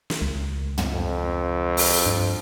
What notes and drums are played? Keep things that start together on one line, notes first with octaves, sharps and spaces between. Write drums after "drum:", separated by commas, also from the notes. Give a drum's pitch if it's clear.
drum: snare
C#2
drum: tom
F2
drum: open hi-hat
G2